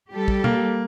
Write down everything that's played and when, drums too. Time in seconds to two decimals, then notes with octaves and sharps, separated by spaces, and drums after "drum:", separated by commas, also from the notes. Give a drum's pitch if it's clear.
0.13 G3 G4 A4
0.28 drum: kick
0.44 A#3, drum: tom